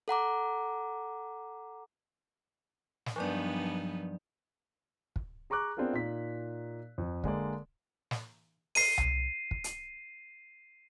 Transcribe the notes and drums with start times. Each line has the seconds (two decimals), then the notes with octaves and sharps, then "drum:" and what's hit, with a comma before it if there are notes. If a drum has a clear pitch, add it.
0.08 A4 F#5 A#5 D6
3.06 drum: snare
3.16 G2 F3 F#3 B3 D#4 D5
5.16 drum: kick
5.50 G#4 A#5 C#6 D6 F#6
5.77 B3 C4 D4 F4 G#4 A#4
5.93 A#2 D#4 B6
6.98 F2
7.24 D3 G#3 A#3 D5, drum: kick
8.11 drum: snare
8.75 C7 D#7, drum: open hi-hat
8.98 drum: tom C2
9.51 drum: kick
9.64 drum: hi-hat